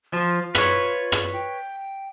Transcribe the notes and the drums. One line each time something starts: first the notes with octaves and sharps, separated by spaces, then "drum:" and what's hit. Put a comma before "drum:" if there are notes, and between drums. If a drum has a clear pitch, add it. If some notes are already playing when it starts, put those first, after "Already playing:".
F3 F4
B4 C#5, drum: rim click
drum: rim click
G5